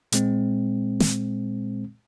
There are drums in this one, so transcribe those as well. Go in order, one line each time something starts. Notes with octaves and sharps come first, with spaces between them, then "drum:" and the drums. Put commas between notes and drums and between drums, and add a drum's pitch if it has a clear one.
A#2 G#3 C4, drum: hi-hat
drum: snare